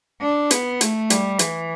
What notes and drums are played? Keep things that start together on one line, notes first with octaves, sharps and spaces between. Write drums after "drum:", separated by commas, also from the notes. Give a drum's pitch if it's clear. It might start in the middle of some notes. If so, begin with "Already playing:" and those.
D4
B3, drum: hi-hat
A3, drum: hi-hat
G3, drum: hi-hat
E3, drum: hi-hat